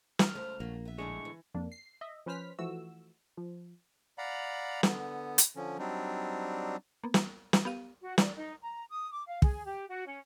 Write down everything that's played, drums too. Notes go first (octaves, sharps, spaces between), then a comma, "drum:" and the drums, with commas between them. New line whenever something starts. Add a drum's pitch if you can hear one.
F6, drum: snare
C#2 A3 C5
A#1 F#3 A3 A#3
B3 E5
A2 D3 G#3 C#6
E3
F2 A#3 D4
C7
D#5 E5
F3 C#4 B4 C5 F6 B6
E3 F3 A3 F#4 E6
F3
D5 F5 F#5 A#5 B5
D3 B3, drum: snare
drum: hi-hat
D3 F3 C#4
F#3 G3 C4 D4 D#4
A#3 B3
drum: snare
drum: snare
B3 G4 F5 D#7
F#4
D5, drum: snare
D#4
A#5
D#6
D6
F5
G#4, drum: kick
G4
F#4
C#4